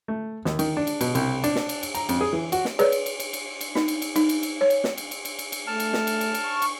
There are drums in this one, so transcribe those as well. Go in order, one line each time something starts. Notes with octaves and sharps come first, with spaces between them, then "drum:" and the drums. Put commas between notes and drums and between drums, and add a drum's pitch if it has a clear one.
A3
D#2, drum: snare
D#3, drum: cymbal
D4
drum: cymbal
B2, drum: cymbal
C2, drum: cymbal
D4, drum: cymbal
drum: snare
drum: cymbal
drum: cymbal
A#5, drum: cymbal
F2, drum: cymbal
G#4
E3
F#4, drum: cymbal
drum: snare
G#4 B4 C#5 D5, drum: cymbal
drum: cymbal
drum: cymbal
drum: cymbal
drum: cymbal
drum: cymbal
D#4, drum: snare
drum: cymbal
drum: cymbal
D#4, drum: cymbal
drum: cymbal
drum: cymbal
C#5
drum: cymbal
drum: snare
drum: cymbal
drum: cymbal
drum: cymbal
drum: cymbal
drum: cymbal
A3 A5 F6
drum: cymbal
drum: snare
drum: cymbal
drum: cymbal
drum: cymbal
C#6
drum: cymbal